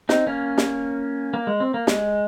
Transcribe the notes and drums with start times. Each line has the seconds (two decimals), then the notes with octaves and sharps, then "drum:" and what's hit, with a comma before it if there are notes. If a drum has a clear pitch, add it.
0.09 C4 D#4, drum: snare
0.26 A#3 C#4
0.58 drum: snare
1.34 A#3
1.47 G#3
1.60 C4
1.74 A#3
1.87 G#3, drum: snare